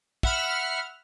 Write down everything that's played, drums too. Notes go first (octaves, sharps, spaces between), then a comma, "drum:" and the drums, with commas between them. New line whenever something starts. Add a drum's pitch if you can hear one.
E5 F#5 B5 F6, drum: kick